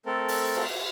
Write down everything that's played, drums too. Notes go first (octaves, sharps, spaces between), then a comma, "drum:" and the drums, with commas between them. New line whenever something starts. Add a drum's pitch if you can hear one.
A3 C4 A4 A#4
drum: open hi-hat
drum: cymbal